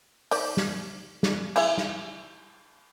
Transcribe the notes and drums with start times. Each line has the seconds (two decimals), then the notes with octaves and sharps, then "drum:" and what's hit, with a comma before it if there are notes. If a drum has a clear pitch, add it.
0.31 D#3 C5 D5, drum: open hi-hat
0.57 drum: snare
1.23 drum: snare
1.56 E4 G#4 E5, drum: cymbal
1.78 drum: snare